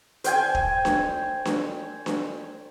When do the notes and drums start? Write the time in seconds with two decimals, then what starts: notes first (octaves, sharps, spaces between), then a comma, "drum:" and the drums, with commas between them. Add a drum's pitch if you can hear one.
0.24 C5 G5 G#5, drum: hi-hat
0.55 drum: kick
0.85 drum: snare D4
1.45 drum: snare D4
2.06 drum: snare D4